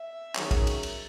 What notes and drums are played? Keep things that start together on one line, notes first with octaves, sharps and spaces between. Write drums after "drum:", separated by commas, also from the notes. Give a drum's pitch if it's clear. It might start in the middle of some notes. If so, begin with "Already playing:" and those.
Already playing: E5
D#3 F#3 C#4 G#4 C#5, drum: clap
drum: kick, cymbal
drum: cymbal
drum: cymbal